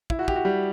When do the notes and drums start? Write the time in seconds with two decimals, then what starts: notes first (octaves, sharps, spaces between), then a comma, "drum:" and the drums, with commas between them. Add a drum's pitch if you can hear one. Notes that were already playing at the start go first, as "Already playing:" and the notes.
0.10 E4, drum: kick
0.19 F#4
0.28 G4, drum: kick
0.36 F#4
0.45 G3